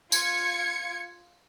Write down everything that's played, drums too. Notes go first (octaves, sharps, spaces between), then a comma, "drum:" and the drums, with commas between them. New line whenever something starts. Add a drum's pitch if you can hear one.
F4 G#6 C#7, drum: tambourine